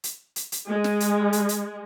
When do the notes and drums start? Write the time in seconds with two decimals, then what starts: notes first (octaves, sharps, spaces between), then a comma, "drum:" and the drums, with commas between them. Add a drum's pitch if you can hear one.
0.04 drum: hi-hat
0.36 drum: hi-hat
0.52 drum: hi-hat
0.68 G#3
0.84 drum: snare
1.00 drum: hi-hat
1.33 drum: hi-hat
1.49 drum: hi-hat